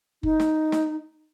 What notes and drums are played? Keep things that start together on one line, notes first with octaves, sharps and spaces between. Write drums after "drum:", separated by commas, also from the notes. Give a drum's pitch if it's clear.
D#4, drum: kick F#1
drum: snare
drum: snare